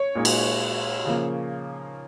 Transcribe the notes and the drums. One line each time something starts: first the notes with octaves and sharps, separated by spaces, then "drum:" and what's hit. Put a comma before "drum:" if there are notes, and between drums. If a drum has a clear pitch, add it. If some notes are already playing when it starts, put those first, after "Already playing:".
Already playing: C#5
A#2 G#3 D#4
drum: cymbal
C#3 F3 A#3